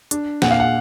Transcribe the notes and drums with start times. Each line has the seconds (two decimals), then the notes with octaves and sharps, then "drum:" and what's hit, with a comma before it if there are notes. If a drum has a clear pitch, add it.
0.11 D4, drum: hi-hat
0.42 A#2 F#5, drum: snare
0.51 F5
0.60 F#5